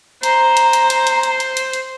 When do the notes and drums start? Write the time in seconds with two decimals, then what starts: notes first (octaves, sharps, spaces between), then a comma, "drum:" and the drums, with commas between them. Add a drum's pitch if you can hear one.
0.23 C5 A#5, drum: hi-hat
0.57 drum: hi-hat
0.73 drum: hi-hat
0.90 drum: hi-hat
1.07 drum: hi-hat
1.23 drum: hi-hat
1.40 drum: hi-hat
1.57 drum: hi-hat
1.73 drum: hi-hat